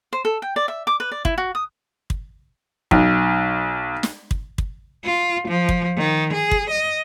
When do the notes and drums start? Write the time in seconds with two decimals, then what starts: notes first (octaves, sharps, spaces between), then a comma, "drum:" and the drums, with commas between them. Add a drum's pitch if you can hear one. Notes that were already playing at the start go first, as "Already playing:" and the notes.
0.13 C5
0.25 A4
0.42 G5
0.56 D5
0.68 E5
0.87 D6
1.00 B4
1.12 D5
1.25 E4, drum: kick
1.38 F#4
1.55 D#6
2.10 drum: kick
2.91 B1, drum: kick
4.03 drum: snare
4.31 drum: kick
4.58 drum: kick
5.05 F4
5.48 F3
5.69 drum: kick
5.97 D#3
6.33 G#4
6.51 drum: kick
6.70 D#5